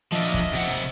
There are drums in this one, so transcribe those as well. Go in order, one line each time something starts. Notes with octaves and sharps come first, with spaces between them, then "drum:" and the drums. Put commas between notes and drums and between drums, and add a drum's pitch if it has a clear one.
F3 D4 D#5 E5
drum: kick, hi-hat
C3 F#5